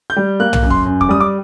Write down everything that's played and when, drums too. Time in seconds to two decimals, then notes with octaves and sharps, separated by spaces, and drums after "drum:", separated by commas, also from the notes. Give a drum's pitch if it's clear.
0.10 G6
0.16 G3
0.40 A#3 F#6
0.53 drum: tom
0.63 F#2
0.70 C6, drum: kick
0.85 F#2
1.01 D6, drum: kick
1.09 G3 D#6
1.20 D6